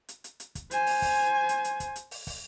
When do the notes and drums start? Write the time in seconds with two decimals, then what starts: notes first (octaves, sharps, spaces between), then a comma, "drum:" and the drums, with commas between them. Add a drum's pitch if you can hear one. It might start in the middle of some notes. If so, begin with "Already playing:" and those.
0.09 drum: hi-hat
0.24 drum: hi-hat
0.40 drum: hi-hat
0.55 drum: kick, hi-hat
0.71 C5 G#5, drum: hi-hat
0.86 drum: open hi-hat
1.02 drum: kick, open hi-hat
1.49 drum: hi-hat
1.64 drum: hi-hat
1.80 drum: kick, hi-hat
1.96 drum: hi-hat
2.11 drum: open hi-hat
2.27 drum: kick, open hi-hat